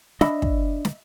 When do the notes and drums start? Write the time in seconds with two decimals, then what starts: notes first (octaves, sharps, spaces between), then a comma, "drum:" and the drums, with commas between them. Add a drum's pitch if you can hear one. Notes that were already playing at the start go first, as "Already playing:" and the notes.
0.21 D4 D#5 E5 B5, drum: snare
0.42 drum: kick
0.85 drum: snare